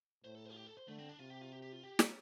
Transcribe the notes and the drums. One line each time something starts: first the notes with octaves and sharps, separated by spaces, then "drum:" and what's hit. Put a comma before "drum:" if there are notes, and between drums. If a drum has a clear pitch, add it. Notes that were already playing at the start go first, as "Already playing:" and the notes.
A2 C5
A4
C5
F4
G4
A4
C5
D3 A3
C4
D4
C3 F4
G4
F4
G4
G4
F4
G4
drum: snare